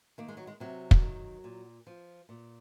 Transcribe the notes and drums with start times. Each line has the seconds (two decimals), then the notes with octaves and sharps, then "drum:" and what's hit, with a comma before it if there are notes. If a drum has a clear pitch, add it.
0.18 D#3 A#3
0.28 G#3
0.37 F#3
0.47 G#3
0.60 C3 F#3
0.91 drum: kick
1.02 D#3
1.44 A#2
1.87 F3
2.29 A#2